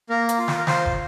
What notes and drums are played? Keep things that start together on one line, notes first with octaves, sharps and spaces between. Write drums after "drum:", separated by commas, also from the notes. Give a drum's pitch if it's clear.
A#3 A#4
drum: hi-hat
F4
drum: snare
A#4
F4 C5, drum: snare
drum: kick